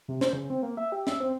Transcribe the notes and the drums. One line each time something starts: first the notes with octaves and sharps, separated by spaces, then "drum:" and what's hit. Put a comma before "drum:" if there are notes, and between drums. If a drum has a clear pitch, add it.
C3
C5, drum: snare
C#3
C4
A#3
E5
G4
E5, drum: snare
C4